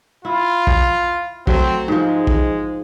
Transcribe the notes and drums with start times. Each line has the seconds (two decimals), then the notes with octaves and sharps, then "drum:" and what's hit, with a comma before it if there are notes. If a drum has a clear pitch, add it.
0.25 E4 F4
0.67 drum: kick A#1
1.47 F#3 A3 C4, drum: kick A#1
1.88 G#2 F3 G#3
2.27 drum: kick A#1